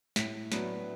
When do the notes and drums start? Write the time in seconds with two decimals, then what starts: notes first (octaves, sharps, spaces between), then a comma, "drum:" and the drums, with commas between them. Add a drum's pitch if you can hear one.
0.16 A2 B6, drum: snare
0.52 F#3 B3 D4, drum: snare